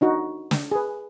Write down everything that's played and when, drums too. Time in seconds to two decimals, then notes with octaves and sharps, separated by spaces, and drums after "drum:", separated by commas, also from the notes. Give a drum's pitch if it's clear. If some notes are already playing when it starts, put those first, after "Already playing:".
0.01 D4 D#4 F#4
0.51 drum: snare
0.71 G#4 B4